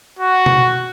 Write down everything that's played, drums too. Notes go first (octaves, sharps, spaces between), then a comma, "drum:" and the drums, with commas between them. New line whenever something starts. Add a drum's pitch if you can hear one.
F#4
drum: tom B2